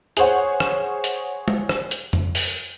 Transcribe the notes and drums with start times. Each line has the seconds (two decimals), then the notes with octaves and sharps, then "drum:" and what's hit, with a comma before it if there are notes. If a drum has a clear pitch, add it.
0.17 G#4 C5 C#5 F#5, drum: hi-hat
0.60 drum: rim click
1.04 drum: hi-hat
1.48 drum: tom G#3
1.69 drum: rim click
1.91 drum: hi-hat
2.13 drum: tom F2
2.35 drum: open hi-hat